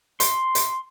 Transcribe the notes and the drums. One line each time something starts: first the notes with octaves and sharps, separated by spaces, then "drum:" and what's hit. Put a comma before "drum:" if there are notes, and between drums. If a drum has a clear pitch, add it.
C6, drum: hi-hat
drum: hi-hat